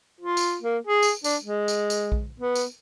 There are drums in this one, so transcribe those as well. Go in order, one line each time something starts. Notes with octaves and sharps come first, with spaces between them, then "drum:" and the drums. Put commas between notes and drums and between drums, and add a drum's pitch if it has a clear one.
F4
drum: tambourine
A#3
G#4
drum: tambourine
D4, drum: tambourine
G#3
drum: tambourine
drum: tambourine
drum: kick A#1
B3
drum: tambourine